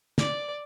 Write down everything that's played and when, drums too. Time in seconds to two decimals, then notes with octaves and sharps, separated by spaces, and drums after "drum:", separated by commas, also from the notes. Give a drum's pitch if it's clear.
0.18 D5, drum: snare